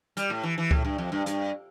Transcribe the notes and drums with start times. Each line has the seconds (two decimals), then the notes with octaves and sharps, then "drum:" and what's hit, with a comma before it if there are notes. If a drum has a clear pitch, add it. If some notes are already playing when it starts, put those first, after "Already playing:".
0.17 G3, drum: hi-hat
0.30 A2
0.43 E3
0.58 E3
0.71 A2, drum: kick C#2
0.85 G2
0.98 F2
1.12 G2
1.26 G2, drum: hi-hat